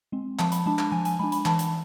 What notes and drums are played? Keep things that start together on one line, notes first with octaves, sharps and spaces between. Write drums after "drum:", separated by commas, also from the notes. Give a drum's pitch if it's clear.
G#3 C4
F3 A5, drum: clap
B5, drum: hi-hat
G#3 D4 A5
A5, drum: clap
F3 G#5
G#5, drum: hi-hat
G#3 D4 B5
B5, drum: hi-hat
E3 A5, drum: clap
drum: hi-hat